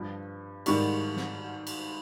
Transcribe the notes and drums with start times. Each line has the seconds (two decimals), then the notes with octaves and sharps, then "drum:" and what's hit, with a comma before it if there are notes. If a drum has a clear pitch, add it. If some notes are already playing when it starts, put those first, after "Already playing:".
Already playing: G2 F3
0.66 G#2 D#3 G3 C#6, drum: cymbal
1.17 drum: snare
1.67 drum: cymbal